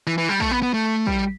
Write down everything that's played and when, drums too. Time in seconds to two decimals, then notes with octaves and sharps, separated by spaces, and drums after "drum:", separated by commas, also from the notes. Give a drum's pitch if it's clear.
0.07 E3
0.18 E3
0.29 G3
0.40 A3, drum: kick
0.51 B3
0.63 B3
0.74 A3
1.07 G3, drum: kick